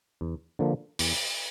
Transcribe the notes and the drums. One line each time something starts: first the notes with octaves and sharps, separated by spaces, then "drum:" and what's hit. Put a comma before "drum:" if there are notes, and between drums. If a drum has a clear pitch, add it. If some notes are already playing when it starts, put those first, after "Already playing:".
E2
D3 F3 A#3
E2, drum: open hi-hat